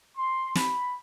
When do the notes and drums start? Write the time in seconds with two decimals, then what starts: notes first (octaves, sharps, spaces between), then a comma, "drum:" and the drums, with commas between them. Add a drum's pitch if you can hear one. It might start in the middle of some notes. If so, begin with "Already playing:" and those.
0.17 C6
0.55 B5, drum: snare